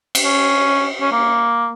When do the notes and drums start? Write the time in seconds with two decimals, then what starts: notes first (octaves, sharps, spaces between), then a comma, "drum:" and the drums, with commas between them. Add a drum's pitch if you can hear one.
0.15 drum: cymbal
0.25 C#4
1.01 C#4
1.12 A#3